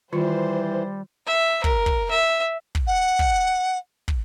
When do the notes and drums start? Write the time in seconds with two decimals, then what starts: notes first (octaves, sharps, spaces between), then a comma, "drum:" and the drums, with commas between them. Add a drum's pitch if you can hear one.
0.13 D#3 E3 G3 F4 C5
1.27 E5
1.64 A#4, drum: kick
1.86 drum: kick
2.11 E5
2.75 drum: kick
2.87 F#5
3.19 drum: kick
4.08 drum: kick